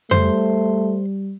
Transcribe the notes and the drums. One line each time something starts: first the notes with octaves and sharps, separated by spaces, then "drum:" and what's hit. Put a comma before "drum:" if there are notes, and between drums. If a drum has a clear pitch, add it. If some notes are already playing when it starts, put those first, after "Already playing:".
G3 A3 C5, drum: tom F2